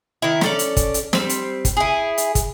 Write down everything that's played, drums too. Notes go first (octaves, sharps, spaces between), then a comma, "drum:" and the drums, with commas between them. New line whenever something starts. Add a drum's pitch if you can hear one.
D#3 E4
C#4 A4 D5, drum: snare
drum: hi-hat
drum: kick, hi-hat
drum: hi-hat
G3 C4, drum: snare
drum: hi-hat
drum: kick, hi-hat
E4 G#4
drum: hi-hat
drum: kick, hi-hat